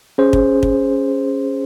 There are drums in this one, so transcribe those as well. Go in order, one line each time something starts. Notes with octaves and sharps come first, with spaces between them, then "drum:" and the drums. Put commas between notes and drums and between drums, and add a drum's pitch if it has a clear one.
C#4 G#4 C5
drum: kick
drum: kick